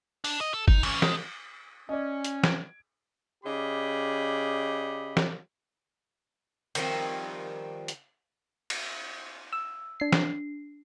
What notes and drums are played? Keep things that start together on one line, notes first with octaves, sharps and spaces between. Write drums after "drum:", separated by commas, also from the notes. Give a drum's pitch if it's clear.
D4, drum: open hi-hat
D#5
A4
D#4, drum: kick
E3 C#4, drum: cymbal
G#3, drum: snare
C#4 D5 D#5
drum: hi-hat
G#6 D7, drum: snare
C#3 G4 D5 D#5 B5
drum: snare
D#3 F3 G3 C4, drum: cymbal
drum: hi-hat
drum: cymbal
E6
D4 C7
drum: snare